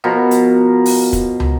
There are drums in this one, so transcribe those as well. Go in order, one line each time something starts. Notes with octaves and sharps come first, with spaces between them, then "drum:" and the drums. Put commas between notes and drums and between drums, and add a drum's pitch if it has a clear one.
B2 F3 A#4
drum: hi-hat
drum: open hi-hat
drum: kick, hi-hat
drum: tom